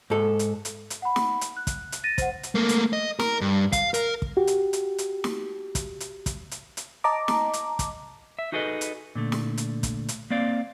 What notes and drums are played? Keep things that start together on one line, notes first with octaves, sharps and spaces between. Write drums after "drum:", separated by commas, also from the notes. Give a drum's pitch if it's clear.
G#2 A4
drum: hi-hat
drum: hi-hat
drum: hi-hat
F#5 B5
drum: snare
drum: hi-hat
F#6
drum: kick, hi-hat
drum: hi-hat
A6 A#6 D#7
C5 F#5, drum: kick, hi-hat
drum: hi-hat
A3 A#3
drum: hi-hat
D#5
A#4, drum: snare
G2
F5, drum: kick, hi-hat
A#4, drum: hi-hat
drum: kick
F#4 G4
drum: hi-hat
drum: hi-hat
drum: hi-hat
drum: snare
drum: kick, hi-hat
drum: hi-hat
drum: kick, hi-hat
drum: hi-hat
drum: hi-hat
D#5 A5 A#5 D6
drum: snare
drum: hi-hat
drum: kick, hi-hat
E5
D#4 F#4 G#4 A4 B4 D#5
drum: hi-hat
A#2 D3 A3
drum: snare
drum: hi-hat
drum: kick, hi-hat
drum: hi-hat
A#3 C4 D5 F5